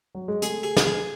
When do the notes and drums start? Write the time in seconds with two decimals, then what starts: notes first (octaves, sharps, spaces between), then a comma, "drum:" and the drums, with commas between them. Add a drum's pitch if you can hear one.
0.15 F#3
0.28 G#3
0.42 A3 G#4, drum: hi-hat
0.63 G#4
0.76 drum: snare
0.86 G#4